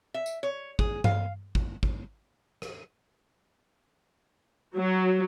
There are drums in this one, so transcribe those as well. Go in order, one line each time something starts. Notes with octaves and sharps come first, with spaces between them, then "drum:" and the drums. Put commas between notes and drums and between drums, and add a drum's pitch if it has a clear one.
E5
drum: tambourine
C#5
G#4, drum: kick
F5, drum: tom G2
drum: kick
drum: kick
drum: rim click
F#3